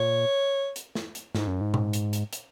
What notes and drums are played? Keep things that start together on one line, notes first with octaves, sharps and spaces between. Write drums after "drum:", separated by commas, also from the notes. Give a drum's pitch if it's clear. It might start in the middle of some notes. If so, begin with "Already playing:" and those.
Already playing: A#2 C#5
drum: hi-hat
drum: snare
drum: hi-hat
G#2, drum: snare
F#2
G#2
drum: tom A#2
drum: hi-hat
drum: hi-hat
drum: hi-hat